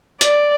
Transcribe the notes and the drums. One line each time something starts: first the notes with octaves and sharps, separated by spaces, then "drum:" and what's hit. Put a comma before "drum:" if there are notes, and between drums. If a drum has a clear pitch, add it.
D5, drum: hi-hat